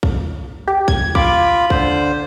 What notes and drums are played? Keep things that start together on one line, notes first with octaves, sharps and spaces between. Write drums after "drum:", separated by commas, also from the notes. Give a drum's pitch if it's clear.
drum: kick
G4
G#6, drum: kick
F4 B5 D6, drum: kick
D3 C5, drum: kick